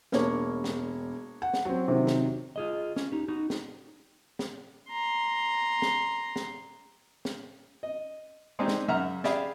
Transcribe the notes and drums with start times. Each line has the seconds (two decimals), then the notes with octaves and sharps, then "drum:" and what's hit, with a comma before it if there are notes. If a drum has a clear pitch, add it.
0.12 E1 A#3 D4 C#5, drum: snare
0.64 drum: snare
1.42 F#5
1.54 drum: snare
1.65 F#3 C4 F#4
1.88 C3 D#3
2.07 drum: snare
2.56 F4 G#4 D#5
2.96 C#4, drum: snare
3.12 D#4 G4
3.28 D#4 F#4
3.50 drum: snare
4.39 drum: snare
4.90 A#5 C6
5.82 drum: snare
6.36 drum: snare
7.25 drum: snare
7.83 D#5
8.59 G#3 C4 D4 D#4 G4
8.68 drum: snare
8.88 F#2 C#3 E5 F#5 A#5 F6
9.24 G4 G#4 D5 E5 F5 B5, drum: snare